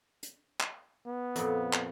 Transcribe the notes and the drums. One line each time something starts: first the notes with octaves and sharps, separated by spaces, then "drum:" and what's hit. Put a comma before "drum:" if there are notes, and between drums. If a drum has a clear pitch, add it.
drum: hi-hat
drum: clap
B3
F2 A#2, drum: hi-hat
drum: clap